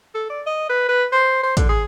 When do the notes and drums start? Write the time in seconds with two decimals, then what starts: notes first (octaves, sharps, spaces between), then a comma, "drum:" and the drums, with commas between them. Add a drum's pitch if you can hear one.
0.14 A4
0.30 D5
0.46 D#5
0.69 B4
0.89 B4
1.12 C5
1.43 C5
1.57 D3, drum: kick, hi-hat
1.69 G#4